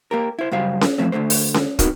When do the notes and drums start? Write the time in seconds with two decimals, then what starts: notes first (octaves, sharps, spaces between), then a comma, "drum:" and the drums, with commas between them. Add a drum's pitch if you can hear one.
0.11 A#3 G4 A#4
0.39 E4 C5
0.51 F#2 C#3 G3 C5 F5
0.81 drum: snare C#4
0.98 F2 E3 F3 A3 C4
1.12 D2 G#2 D3 A3 C5
1.30 drum: open hi-hat
1.54 drum: snare C#4
1.79 B3 C4 D#4 F#4 A#4 C#5, drum: kick, hi-hat